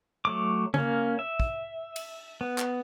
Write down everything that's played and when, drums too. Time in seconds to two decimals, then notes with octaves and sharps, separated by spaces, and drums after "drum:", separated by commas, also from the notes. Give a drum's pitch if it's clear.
0.25 F#3 A3 D6
0.74 A#3 C#4, drum: tom C#3
1.19 E5
1.40 drum: kick
1.96 drum: cymbal
2.41 B3
2.58 drum: clap